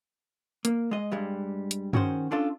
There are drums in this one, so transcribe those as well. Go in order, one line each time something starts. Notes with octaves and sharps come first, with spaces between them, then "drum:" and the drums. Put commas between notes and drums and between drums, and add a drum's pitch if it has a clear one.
A#3, drum: hi-hat
G#3 D#5
G2 G3 G#3
drum: hi-hat
D#3 C#4 F#4 G#4 C5, drum: tom G2
C#4 D4 F4 A4